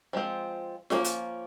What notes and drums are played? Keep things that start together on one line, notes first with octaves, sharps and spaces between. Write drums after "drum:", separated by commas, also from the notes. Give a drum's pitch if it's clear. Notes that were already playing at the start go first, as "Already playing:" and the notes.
F3 G#3 C4
F3 A#3 C#4, drum: snare F4
drum: hi-hat